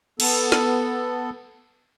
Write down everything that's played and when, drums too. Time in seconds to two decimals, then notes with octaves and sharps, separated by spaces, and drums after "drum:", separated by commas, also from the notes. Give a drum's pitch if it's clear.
0.20 B3 A4, drum: cymbal
0.52 drum: snare